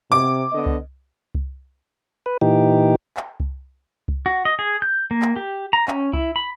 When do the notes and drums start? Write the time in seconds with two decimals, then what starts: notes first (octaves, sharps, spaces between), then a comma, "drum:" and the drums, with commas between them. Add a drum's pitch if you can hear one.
0.12 C3 D6
0.53 D3 B3 D#5
0.66 drum: kick C2
1.35 drum: kick C2
2.26 B4
2.41 A#2 E3 D#4 G4
3.17 drum: clap
3.40 drum: kick C2
4.08 drum: kick C2
4.26 F#4
4.45 D#5
4.59 G#4
4.82 G6
5.11 A#3
5.22 drum: clap
5.36 G4
5.73 A#5
5.88 C#4, drum: clap
6.13 E4, drum: kick C2
6.36 B5